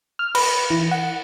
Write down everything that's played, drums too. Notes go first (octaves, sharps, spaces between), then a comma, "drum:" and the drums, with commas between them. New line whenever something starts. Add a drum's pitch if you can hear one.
F6
B4, drum: cymbal
E3
F#5